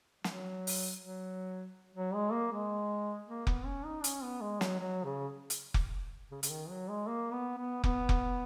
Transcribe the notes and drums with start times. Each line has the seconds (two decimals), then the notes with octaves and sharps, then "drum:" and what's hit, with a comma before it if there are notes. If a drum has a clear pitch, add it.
0.24 F#3, drum: snare
0.67 drum: open hi-hat
1.00 F#3
1.95 F#3
2.14 G#3
2.32 A#3
2.52 G#3
3.28 A#3
3.47 B3, drum: kick F1
3.66 C#4
3.85 D#4
4.04 C#4, drum: hi-hat
4.23 B3
4.41 G#3
4.61 F#3, drum: snare
4.80 F#3
5.04 C#3
5.50 drum: hi-hat
5.74 drum: kick F1
6.32 C#3
6.43 C#3, drum: hi-hat
6.50 D#3
6.70 F#3
6.89 G#3
7.07 A#3
7.33 B3
7.58 B3
7.84 B3, drum: kick F1
8.09 drum: kick F1